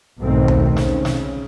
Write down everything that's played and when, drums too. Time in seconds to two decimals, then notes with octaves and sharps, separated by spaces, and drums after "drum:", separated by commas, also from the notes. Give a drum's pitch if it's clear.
0.20 B1 G#2 B2 D#3 A3 C4
0.48 drum: tom D#2
0.76 C#3, drum: snare
1.05 drum: snare